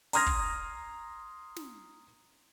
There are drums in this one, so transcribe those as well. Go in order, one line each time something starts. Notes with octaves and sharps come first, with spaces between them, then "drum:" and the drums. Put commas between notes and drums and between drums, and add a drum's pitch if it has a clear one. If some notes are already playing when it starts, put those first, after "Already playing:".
A#5 C6 D#6 F6 G#6 A#6, drum: open hi-hat
drum: kick
drum: snare